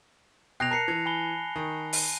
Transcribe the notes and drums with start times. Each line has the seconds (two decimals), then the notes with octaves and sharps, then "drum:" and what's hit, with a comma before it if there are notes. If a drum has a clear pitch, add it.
0.60 B2 G5 F#6 A#6 C7 F7
0.71 A#4 A5 C7 C#7
0.88 E3
1.06 G#5 B5 G7
1.56 D#3
1.93 drum: open hi-hat